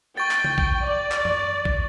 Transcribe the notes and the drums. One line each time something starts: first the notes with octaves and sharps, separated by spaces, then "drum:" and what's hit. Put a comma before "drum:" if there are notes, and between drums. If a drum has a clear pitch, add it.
G5 C#6 A6
drum: clap
drum: tom C#3
drum: kick
D5
drum: clap
drum: tom F#2
drum: kick